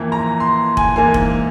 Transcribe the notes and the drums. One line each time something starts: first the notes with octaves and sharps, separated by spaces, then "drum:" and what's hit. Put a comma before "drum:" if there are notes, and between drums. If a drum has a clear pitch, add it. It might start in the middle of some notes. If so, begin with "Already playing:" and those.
Already playing: F2 E3 A#3
A#5
C6
G#5, drum: kick F1
G#2 E3 A#3 G#5
drum: kick F1